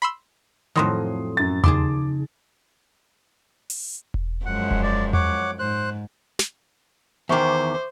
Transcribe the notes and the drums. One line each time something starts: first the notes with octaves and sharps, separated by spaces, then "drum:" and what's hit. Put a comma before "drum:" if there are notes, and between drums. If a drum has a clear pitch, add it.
B5 C6 E6
F2 A2 D#3 F#3 C6 D#6
F#2 A6
D#2 C#3 D#4 G#4 A5 C6 D6, drum: tom E2
drum: open hi-hat
drum: kick E1
F#2 F3 G#3 F#5
drum: kick E1
D5
C#5 F#5 D6, drum: tom E2
G#2 C5 F#6
drum: snare
E2 D#3 C5 E5 C#6 D6